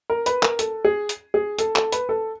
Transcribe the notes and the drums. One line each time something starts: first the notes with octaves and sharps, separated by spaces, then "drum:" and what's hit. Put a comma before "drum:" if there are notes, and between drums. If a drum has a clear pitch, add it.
A#4
B4, drum: hi-hat
A#4, drum: clap
A4, drum: hi-hat
G#4
drum: hi-hat
G#4
A4, drum: hi-hat
A4, drum: clap
B4, drum: hi-hat
A4